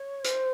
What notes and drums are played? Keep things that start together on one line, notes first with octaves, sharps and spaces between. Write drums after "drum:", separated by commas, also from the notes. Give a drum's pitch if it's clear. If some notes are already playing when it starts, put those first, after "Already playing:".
Already playing: C#5
C5, drum: hi-hat